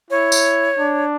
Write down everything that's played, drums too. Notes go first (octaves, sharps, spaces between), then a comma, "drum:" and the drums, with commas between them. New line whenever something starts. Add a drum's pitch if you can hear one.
E4 C#5
drum: tambourine
D4